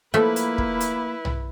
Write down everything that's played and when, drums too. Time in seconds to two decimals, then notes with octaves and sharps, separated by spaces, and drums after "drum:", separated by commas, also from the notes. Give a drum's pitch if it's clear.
0.14 F3 A3 A#3 E4 B4
0.36 drum: hi-hat
0.58 drum: kick
0.80 drum: hi-hat
1.25 drum: tom B1